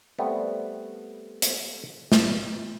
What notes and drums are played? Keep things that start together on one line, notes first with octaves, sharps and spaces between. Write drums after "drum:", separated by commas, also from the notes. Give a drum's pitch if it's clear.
G3 A3 B3 C4
drum: hi-hat
drum: snare